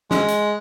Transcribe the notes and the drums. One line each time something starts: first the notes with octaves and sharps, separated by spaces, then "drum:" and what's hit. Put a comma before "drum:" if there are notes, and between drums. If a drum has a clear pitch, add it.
G#3, drum: snare
drum: hi-hat